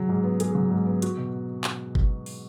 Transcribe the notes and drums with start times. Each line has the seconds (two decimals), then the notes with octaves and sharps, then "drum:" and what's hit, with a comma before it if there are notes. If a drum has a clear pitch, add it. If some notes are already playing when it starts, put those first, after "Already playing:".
Already playing: F#3 G#4
0.09 G#2
0.23 B3
0.40 G#4, drum: hi-hat
0.55 F#3
0.70 G#2
0.86 B3
1.02 F#4, drum: hi-hat
1.17 B2
1.64 drum: clap
1.95 drum: kick F#1
2.26 drum: open hi-hat